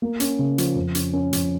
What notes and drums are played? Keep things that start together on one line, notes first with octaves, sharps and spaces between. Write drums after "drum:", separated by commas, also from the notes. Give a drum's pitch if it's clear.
A#3
C#4, drum: hi-hat
C#3
F3, drum: hi-hat
F2
C#4, drum: hi-hat
C#4
F2, drum: hi-hat